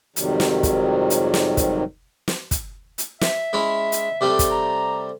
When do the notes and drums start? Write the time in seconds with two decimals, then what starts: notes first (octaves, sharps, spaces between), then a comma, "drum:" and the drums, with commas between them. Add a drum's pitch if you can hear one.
0.16 F2 G#2 C3 D#3 F#3 G3, drum: hi-hat
0.40 drum: snare
0.63 drum: kick, hi-hat
1.10 drum: hi-hat
1.34 drum: snare
1.57 drum: kick, hi-hat
2.28 drum: snare
2.51 drum: kick, hi-hat
2.98 drum: hi-hat
3.21 E5, drum: snare
3.53 G#3 C#4 E4
3.92 drum: hi-hat
4.21 C3 G3 A3
4.39 drum: kick, hi-hat
4.51 A#5